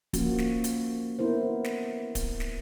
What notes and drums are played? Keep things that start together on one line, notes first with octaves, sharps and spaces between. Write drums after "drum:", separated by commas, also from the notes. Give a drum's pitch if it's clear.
F3 A#3 C#4 F#4, drum: kick D1, hi-hat
drum: snare
drum: hi-hat
B3 E4 A#4 C5
drum: snare
drum: kick D1, hi-hat
drum: snare